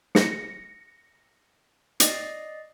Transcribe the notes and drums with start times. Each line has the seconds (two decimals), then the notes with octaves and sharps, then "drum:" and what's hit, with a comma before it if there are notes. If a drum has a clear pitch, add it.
0.15 A#6 C#7, drum: snare
2.00 D5 D#5 C7, drum: hi-hat